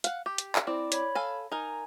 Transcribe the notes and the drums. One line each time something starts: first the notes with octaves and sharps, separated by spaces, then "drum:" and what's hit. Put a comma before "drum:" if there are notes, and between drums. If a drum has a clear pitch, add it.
F5 F#5, drum: hi-hat
G4
drum: hi-hat
drum: clap
C4 E4 D5 D6
C#5 B5, drum: hi-hat
A4 F5 G#5
D#4 A#4 G#5